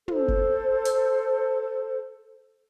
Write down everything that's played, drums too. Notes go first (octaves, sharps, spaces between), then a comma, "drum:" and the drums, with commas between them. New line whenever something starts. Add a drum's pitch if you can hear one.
A4 C5, drum: tom
drum: kick F#1
drum: hi-hat